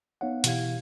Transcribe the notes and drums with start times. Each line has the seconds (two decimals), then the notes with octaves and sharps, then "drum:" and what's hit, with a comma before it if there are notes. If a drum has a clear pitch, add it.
0.21 B3 D#4 C#5 F5 F#5
0.44 B2 E3 E4 G4 F5 G#6, drum: hi-hat